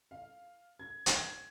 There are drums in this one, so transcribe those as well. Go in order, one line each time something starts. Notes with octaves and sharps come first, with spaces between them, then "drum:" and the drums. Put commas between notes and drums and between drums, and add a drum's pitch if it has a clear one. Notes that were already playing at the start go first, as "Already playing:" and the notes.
F5
G#6
G#6, drum: hi-hat